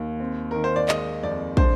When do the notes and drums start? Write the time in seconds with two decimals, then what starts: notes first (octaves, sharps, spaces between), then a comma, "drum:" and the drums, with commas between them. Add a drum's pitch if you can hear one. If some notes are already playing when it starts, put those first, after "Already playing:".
Already playing: D#2
0.20 C4
0.51 D#3 A#4
0.64 C5
0.76 D5
0.89 G#3 D#5, drum: clap
1.23 F2 D5
1.57 D4 C5, drum: kick